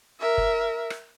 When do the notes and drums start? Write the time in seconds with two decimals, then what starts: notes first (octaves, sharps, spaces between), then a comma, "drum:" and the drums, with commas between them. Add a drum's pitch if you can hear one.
0.20 A#4 E5
0.38 drum: kick
0.90 drum: rim click